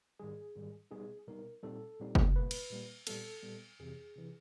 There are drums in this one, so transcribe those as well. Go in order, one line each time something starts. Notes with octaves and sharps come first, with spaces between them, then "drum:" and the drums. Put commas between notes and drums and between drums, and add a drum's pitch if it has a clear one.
G#2 D#3 G3 G#4
G#2 D#3 G3
B2 G3 B3 D#4 G#4
B2 G3 B3 D#4 A#4
A#2 G3 C4 D#4 A4
A#2 G3 C4 D#4
drum: kick
A#2 G3 A#3 B4
drum: cymbal
A#2 G3 A#3
A#2 G3 B3 A4, drum: cymbal
A#2 G3 B3
F2 C3 E3 G#4
C3 E3